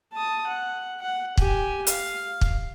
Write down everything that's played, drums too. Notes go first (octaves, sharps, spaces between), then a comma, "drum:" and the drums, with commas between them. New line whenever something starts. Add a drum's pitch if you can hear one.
A5 D#6
F#5
F#5
G4 G#5, drum: kick
F5, drum: hi-hat
drum: kick